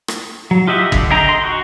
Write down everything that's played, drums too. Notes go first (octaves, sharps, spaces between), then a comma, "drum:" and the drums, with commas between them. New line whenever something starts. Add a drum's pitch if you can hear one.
drum: rim click
F#3
F4 G4 D#5 E5 F#5
D3, drum: kick
G#4 D#5 G5 A#5
C6
F#4